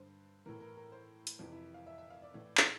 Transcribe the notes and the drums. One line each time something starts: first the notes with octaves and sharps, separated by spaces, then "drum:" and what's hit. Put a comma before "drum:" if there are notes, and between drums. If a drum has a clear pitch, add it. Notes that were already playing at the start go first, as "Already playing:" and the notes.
Already playing: G2 D3 C5
A2 E3 A#4
A#4
A#4
C5
drum: hi-hat
F2 C3 E3 F4
E4
F5
E5
E5
F5
D5
A2 E3
drum: clap